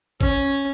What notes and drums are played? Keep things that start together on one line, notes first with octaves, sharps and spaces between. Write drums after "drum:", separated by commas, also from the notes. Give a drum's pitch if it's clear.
C#4, drum: kick